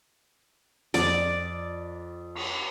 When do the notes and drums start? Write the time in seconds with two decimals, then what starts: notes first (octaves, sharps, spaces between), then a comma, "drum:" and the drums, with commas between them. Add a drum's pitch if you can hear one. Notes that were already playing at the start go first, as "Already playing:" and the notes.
0.94 F2 D5, drum: hi-hat
2.35 drum: cymbal